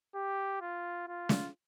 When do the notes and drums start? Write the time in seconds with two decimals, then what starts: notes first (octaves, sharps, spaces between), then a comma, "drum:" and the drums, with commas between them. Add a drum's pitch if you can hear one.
0.15 G4
0.61 F4
1.08 F4
1.29 drum: snare